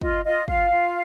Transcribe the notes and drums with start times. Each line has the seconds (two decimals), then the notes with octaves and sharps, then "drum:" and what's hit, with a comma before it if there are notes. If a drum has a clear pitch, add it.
0.01 F4 D#5, drum: kick
0.25 F4 D#5
0.48 F4 F5, drum: kick
0.71 F4